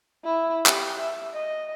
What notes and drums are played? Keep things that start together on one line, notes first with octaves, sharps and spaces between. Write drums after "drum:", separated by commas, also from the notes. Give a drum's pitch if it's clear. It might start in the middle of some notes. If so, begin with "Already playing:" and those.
E4
G4, drum: clap
E5
D#5